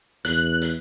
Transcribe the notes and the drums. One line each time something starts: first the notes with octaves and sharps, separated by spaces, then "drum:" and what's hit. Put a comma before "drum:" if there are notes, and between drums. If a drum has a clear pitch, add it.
E2 F#6, drum: hi-hat
drum: hi-hat